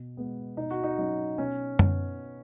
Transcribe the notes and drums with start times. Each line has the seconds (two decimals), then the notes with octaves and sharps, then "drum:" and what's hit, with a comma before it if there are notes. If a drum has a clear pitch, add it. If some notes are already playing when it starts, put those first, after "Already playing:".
Already playing: B2
0.17 G#3 B3
0.57 B2 D#4
0.70 F#4
0.83 D#4
0.98 F#3 C#4 D#4
1.38 B2 C#4
1.79 B3, drum: tom F#2